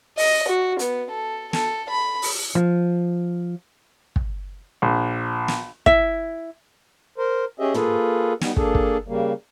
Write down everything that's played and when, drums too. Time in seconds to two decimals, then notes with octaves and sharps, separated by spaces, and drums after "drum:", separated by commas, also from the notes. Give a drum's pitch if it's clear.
0.18 D#5, drum: open hi-hat
0.48 F#4
0.79 B3, drum: hi-hat
1.10 A4
1.53 A4, drum: snare
1.89 B5
2.22 drum: open hi-hat
2.55 F3, drum: rim click
4.16 drum: kick
4.82 A#1
5.48 drum: snare
5.86 E4 E5, drum: kick
7.18 A#4 C5
7.60 C#4 G4 G#4 D#5 E5
7.74 A#3 F4 G#4 A4 B4, drum: tom
8.41 G3 B3 D#4, drum: snare
8.57 A#3 D4 G#4 A4, drum: kick
8.75 drum: kick
9.08 C#3 G3 A#3